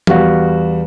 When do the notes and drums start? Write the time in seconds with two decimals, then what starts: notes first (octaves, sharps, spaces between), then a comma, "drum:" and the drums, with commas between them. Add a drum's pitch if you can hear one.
0.07 E2 G3 F#4 F5, drum: tom